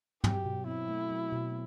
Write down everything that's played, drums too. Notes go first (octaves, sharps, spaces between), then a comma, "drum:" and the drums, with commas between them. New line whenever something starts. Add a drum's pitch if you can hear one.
F#3 G4, drum: tom
B2
C4 E4
A3
F#3
B2